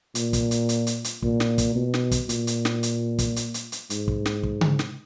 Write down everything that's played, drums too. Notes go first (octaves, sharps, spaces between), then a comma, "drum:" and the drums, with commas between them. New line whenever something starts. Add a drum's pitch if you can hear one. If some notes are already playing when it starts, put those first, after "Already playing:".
A#2, drum: hi-hat
drum: kick, hi-hat
drum: hi-hat
drum: hi-hat
drum: hi-hat
drum: hi-hat
A#2, drum: kick
drum: snare
drum: kick, hi-hat
B2
drum: snare
drum: kick, hi-hat
A#2, drum: hi-hat
drum: hi-hat
drum: snare
drum: hi-hat
drum: kick, hi-hat
drum: hi-hat
drum: hi-hat
drum: hi-hat
G#2, drum: hi-hat
drum: kick
drum: snare
drum: kick
drum: tom C#3
drum: snare